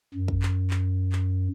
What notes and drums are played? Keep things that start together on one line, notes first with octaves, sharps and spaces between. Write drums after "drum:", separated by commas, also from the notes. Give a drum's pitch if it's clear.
F#2
drum: kick
drum: clap
drum: clap
drum: clap